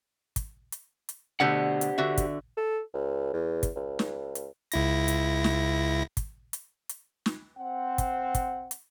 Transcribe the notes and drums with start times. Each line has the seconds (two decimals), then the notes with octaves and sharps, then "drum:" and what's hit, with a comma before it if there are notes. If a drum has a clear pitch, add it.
0.36 drum: kick, hi-hat
0.72 drum: hi-hat
1.09 drum: hi-hat
1.40 B2 D3 A3 G4 C5 F#5
1.81 drum: hi-hat
1.98 D3 F#4 E5
2.18 drum: kick, hi-hat
2.57 A4
2.94 C#2
3.33 E2
3.63 drum: kick, hi-hat
3.76 C#2
3.99 drum: snare
4.35 drum: hi-hat
4.72 C#2 E4 A#6, drum: hi-hat
5.08 drum: hi-hat
5.44 drum: snare
6.17 drum: kick, hi-hat
6.53 drum: hi-hat
6.89 drum: hi-hat
7.26 drum: snare
7.58 C4 F#5
7.98 drum: kick, hi-hat
8.35 drum: kick, hi-hat
8.71 drum: hi-hat